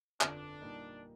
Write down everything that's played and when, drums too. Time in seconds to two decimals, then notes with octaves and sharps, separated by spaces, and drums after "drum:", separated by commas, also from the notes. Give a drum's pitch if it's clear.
0.21 G1 F2 D3 F3 D4, drum: clap
0.61 A#2 G3 A#3 D#4